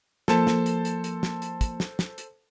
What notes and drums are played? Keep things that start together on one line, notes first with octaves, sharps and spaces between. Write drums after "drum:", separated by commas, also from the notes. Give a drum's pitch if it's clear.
F3 A#3 A4 C5 A5, drum: snare
drum: snare
drum: hi-hat
drum: hi-hat
drum: hi-hat
drum: snare
drum: hi-hat
drum: kick, hi-hat
drum: snare
drum: snare
drum: hi-hat